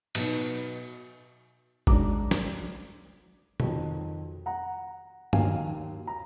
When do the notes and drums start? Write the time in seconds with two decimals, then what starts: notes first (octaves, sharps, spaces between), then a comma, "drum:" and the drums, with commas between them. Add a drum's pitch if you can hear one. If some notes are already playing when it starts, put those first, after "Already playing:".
0.15 B2 F#3 B3 D#4, drum: cymbal
1.87 G#2 F#3 D4 A#5 D6, drum: kick G#1
2.31 drum: snare
3.60 F2 D#3 F#3, drum: tom B2
4.46 F#5 A#5
5.33 D#2 D#3 F#3 F5 G#5, drum: tom G2
6.07 A#5